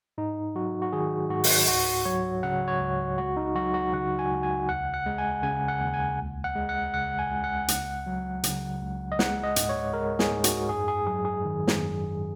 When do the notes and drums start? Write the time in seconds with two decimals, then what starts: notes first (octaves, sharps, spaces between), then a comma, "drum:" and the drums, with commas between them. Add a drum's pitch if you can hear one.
0.18 G#2 D#4
0.55 F#3 F#4
0.82 F#4
0.93 D#3 G#4
1.30 G#2 F#4
1.44 drum: open hi-hat
1.68 C#2 F#4
2.05 F#3 C#5
2.43 C#3 F#5
2.68 C#5
2.81 C#2
3.18 C#2 F#4
3.37 D#4
3.55 F#3 F#4
3.74 F#4
3.93 C#3 F#5
4.19 G#5
4.31 C#2
4.43 G#5
4.68 D#2 F#5
4.94 F#5
5.06 G#3
5.18 G#5
5.43 C#3 G#5
5.68 F#5
5.81 D#2
5.94 G#5
6.19 C#2
6.44 F#5
6.56 G#3
6.69 F#5
6.94 C#3 F#5
7.19 G#5
7.31 C#2
7.44 F#5
7.68 C#2, drum: hi-hat
8.06 F#3
8.44 C#3, drum: hi-hat
8.82 C#2
9.12 D#5
9.19 G#3 F#5, drum: snare
9.43 D#5
9.56 G#2, drum: hi-hat
9.69 C#5
9.93 G#3 A#4
10.19 G#4, drum: snare
10.31 G#2
10.44 F#4, drum: hi-hat
10.69 F#2 G#4
10.88 G#4
11.07 F#3 G#4
11.25 G#4
11.45 D#3
11.67 drum: snare
11.82 F#2